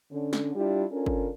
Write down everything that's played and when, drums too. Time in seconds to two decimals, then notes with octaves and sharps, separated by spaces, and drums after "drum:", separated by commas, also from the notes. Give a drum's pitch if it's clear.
0.12 D3 C#4
0.33 drum: snare
0.55 G3 D4 E4 F4 G4
0.92 C#4 D4 F4 A4 A#4
1.06 drum: kick